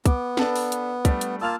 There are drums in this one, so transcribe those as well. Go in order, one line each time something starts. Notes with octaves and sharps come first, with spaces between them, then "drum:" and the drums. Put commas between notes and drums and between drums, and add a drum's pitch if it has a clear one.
B3 D6, drum: kick, hi-hat
D4 A4 B4, drum: snare
drum: open hi-hat
drum: hi-hat
G3 A3 D4, drum: kick, hi-hat
drum: hi-hat
A#3 F4 A5 E6 F6 F7